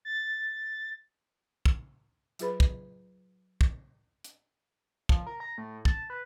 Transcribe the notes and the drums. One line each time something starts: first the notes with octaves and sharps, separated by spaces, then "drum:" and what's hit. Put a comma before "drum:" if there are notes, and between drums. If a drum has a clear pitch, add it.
A6
drum: kick
F#3 F4 G#4 B4 B5, drum: hi-hat
drum: kick
drum: kick
drum: hi-hat
F3, drum: kick
A#4
A#5
A2
A5, drum: kick
B4